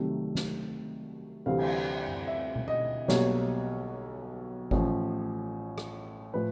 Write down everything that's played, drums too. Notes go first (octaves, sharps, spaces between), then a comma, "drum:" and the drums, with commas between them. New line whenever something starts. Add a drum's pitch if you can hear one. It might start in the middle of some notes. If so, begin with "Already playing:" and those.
Already playing: C2 C3 D#3 F#3 A3
drum: snare
D2 C3 E3 G3 C4 F5
drum: cymbal
drum: tom F#2
E5
drum: tom B2
D#5
B1 B2 G3 A#3 C#5, drum: snare
A1 A2 F3, drum: kick G#1
drum: rim click
A2 F3 B4